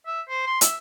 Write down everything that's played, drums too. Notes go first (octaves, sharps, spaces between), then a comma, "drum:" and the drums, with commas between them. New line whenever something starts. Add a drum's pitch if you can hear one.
E5
C5
C6
E5, drum: hi-hat